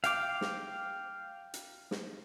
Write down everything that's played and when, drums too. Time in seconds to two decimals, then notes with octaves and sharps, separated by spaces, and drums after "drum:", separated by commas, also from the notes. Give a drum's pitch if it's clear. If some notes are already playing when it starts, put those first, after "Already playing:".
0.04 F5 G5 D6, drum: hi-hat
0.41 drum: snare
1.54 drum: hi-hat
1.91 drum: snare